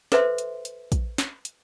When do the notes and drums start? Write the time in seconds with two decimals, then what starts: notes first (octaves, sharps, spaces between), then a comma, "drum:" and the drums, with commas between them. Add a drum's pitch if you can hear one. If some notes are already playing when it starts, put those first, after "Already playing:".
0.12 A4 B4 C5 E5 C6, drum: snare
0.38 drum: hi-hat
0.65 drum: hi-hat
0.92 drum: kick, hi-hat
1.18 drum: snare
1.45 drum: hi-hat